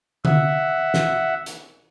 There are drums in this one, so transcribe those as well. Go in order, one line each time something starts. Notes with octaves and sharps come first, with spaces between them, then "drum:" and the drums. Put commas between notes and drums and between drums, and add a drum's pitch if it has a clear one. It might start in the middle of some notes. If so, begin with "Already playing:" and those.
E5 F#5, drum: tom D3
drum: snare
drum: hi-hat